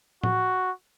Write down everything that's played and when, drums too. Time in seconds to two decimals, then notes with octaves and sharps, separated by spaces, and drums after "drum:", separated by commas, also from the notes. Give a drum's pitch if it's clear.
0.24 F#4, drum: tom A2